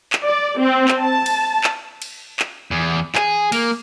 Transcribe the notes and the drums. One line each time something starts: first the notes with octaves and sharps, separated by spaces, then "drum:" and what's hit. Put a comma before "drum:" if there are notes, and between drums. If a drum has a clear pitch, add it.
drum: clap
D5
C4
drum: clap
A5
drum: cymbal
drum: clap
drum: cymbal
drum: clap
E2
G#4, drum: clap
A#3, drum: cymbal